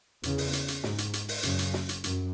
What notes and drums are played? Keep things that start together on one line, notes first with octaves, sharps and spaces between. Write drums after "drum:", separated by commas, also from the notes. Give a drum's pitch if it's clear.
E2 C#3, drum: hi-hat
drum: open hi-hat
drum: hi-hat
drum: hi-hat
G#2, drum: snare
drum: hi-hat
drum: hi-hat
drum: open hi-hat
F#2 C#3, drum: hi-hat
drum: hi-hat
drum: snare
drum: hi-hat
F#2, drum: hi-hat